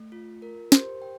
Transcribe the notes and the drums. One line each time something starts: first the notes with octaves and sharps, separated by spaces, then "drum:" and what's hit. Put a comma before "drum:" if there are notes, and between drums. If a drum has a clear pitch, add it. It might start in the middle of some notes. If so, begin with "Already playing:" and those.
Already playing: A3
F4
A#4
G4 C5, drum: snare
G5